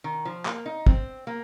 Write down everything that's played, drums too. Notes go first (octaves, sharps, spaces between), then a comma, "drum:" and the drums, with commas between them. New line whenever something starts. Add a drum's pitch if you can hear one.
D#3
F3
A#3, drum: clap
D#4
C4, drum: kick
A#3